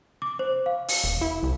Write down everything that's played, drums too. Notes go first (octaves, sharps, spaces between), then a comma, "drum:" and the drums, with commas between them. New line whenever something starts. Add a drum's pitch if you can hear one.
D6
C5
F5
drum: open hi-hat
E1
E4
C2